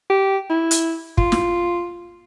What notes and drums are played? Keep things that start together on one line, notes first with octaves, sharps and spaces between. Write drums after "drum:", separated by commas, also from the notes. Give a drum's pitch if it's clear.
G4
E4
drum: hi-hat
F4, drum: kick
drum: snare